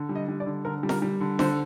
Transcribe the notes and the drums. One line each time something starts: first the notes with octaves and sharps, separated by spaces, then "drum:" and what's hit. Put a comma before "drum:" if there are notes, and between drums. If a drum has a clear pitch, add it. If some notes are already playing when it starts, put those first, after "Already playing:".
Already playing: D3
G3
D#5
G3
D5
D3
D3 A#4
G3
A#4, drum: snare F4
G3
D3
D3 C5, drum: snare F4